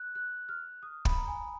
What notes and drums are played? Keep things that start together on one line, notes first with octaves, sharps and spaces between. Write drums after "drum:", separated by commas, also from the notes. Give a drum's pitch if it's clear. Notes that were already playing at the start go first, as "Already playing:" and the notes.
Already playing: F#6
F#6
F6
D#6
B5, drum: kick
A#5
G#5